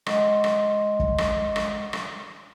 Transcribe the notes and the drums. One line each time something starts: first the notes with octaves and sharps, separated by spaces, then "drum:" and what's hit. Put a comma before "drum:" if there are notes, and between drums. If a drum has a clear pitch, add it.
G#3 D#5 F#5 C6, drum: rim click
drum: rim click
drum: kick
drum: rim click
drum: rim click
drum: rim click